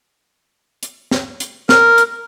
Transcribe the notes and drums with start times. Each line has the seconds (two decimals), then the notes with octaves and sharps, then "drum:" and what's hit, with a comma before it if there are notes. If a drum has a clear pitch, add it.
0.83 drum: hi-hat
1.11 drum: snare
1.40 drum: hi-hat
1.69 A#4, drum: snare
1.98 drum: hi-hat